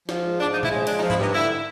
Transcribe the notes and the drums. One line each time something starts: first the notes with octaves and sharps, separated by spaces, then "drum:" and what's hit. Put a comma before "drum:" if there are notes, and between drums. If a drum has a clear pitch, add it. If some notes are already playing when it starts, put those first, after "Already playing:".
F3, drum: snare
G#2
G#2 D4
D#4
F3
E4, drum: tom A#2
G#3 C#4
F3 D4, drum: cymbal
D#4
F3
E4, drum: tom G#2
G2 D#4
D3 E4